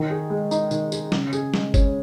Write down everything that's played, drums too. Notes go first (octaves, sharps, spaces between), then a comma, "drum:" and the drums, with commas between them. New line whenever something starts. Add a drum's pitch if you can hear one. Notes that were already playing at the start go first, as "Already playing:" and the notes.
Already playing: D#3
G#4
G#3
D#4, drum: tambourine
D#3, drum: tambourine
G#4, drum: tambourine
C#3, drum: snare
G#4, drum: tambourine
G#3, drum: snare
C#4, drum: kick F#1, tambourine